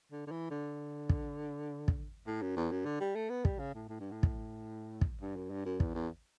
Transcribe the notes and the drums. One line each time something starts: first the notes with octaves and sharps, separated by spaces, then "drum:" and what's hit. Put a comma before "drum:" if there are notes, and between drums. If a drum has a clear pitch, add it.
D3
D3
E3
D3
drum: kick
drum: kick
A2
F#2
E2
F#2
D3
G3
A3
B3
G3, drum: kick
C#3
A2
A2
G2
A2
drum: kick
drum: kick
G2
F#2
G2
F#2
E2, drum: kick
E2